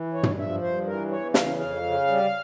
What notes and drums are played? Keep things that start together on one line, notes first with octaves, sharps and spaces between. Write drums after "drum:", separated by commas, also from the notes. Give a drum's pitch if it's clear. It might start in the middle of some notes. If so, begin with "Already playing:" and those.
Already playing: E3
G2 C#5
drum: tom
F3 E5
G2 C5
E3 A#4
E2 C#5
C#3 F5, drum: snare
F2 F5
C#3
G3